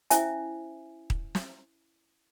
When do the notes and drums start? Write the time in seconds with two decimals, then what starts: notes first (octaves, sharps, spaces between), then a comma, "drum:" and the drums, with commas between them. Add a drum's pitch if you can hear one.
0.10 C#4 E4 C5 E5 G#5, drum: hi-hat
1.10 drum: kick D#1
1.35 drum: snare